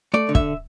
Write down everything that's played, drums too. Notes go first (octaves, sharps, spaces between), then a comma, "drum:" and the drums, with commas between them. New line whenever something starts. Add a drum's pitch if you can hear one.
A3 D5
D3
E5, drum: kick